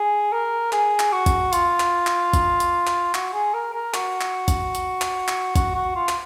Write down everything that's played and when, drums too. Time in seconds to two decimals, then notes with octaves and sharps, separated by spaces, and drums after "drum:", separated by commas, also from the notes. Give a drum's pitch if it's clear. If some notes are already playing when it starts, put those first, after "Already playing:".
Already playing: G#4
0.33 A#4
0.72 G#4, drum: clap
1.00 drum: clap
1.13 F#4
1.26 drum: kick A1, hi-hat
1.53 F4, drum: hi-hat
1.80 drum: clap
2.07 drum: clap
2.33 drum: kick A1, hi-hat
2.60 drum: hi-hat
2.87 drum: clap
3.14 F#4, drum: clap
3.34 G#4
3.54 A#4
3.74 A#4
3.94 F#4, drum: clap
4.21 drum: clap
4.48 drum: kick A1, hi-hat
4.75 drum: hi-hat
5.01 drum: clap
5.28 drum: clap
5.56 F#4, drum: kick A1, hi-hat
5.75 F#4
5.96 F4
6.09 drum: clap